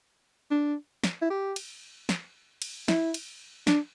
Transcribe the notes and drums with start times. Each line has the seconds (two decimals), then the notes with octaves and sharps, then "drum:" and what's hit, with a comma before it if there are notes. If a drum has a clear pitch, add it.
0.51 D4
1.04 drum: snare
1.22 E4
1.30 G4
1.56 drum: cymbal
2.09 drum: snare
2.62 drum: cymbal
2.88 E4, drum: snare
3.14 drum: cymbal
3.67 D4, drum: snare